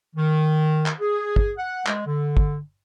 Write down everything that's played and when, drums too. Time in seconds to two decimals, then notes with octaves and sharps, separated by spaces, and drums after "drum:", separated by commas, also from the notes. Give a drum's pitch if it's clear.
0.16 D#3
0.86 drum: clap
1.01 G#4
1.36 drum: kick
1.57 F#5
1.86 G#3, drum: clap
2.06 D3
2.37 drum: kick